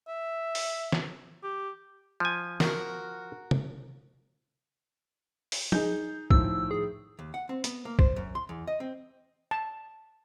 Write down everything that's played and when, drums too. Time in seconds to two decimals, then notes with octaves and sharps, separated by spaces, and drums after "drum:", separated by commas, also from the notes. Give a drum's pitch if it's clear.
0.08 E5
0.55 drum: open hi-hat
0.92 drum: snare
1.43 G4
2.20 F3 G#5
2.60 F#4 A#4, drum: snare
3.51 drum: tom
5.52 drum: open hi-hat
5.72 D#4 G#4 G6, drum: tom
6.30 A2 D#3 F3 E6, drum: kick
6.71 G#4
7.19 D#2
7.34 F#5
7.49 C4
7.64 B3, drum: hi-hat
7.85 A#3
7.99 C5, drum: kick
8.16 F#2
8.35 C6
8.49 E2
8.67 D#5
8.80 C4
9.51 A5